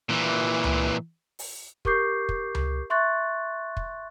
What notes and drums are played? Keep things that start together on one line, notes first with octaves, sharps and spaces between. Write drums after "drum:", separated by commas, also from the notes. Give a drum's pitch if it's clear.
A#2 E3
drum: tom C#2
drum: open hi-hat
G4 A#4 C#6 D6 G6 C7, drum: kick
drum: kick
drum: tom C#2
E5 C6 C#6 F#6 A6
drum: kick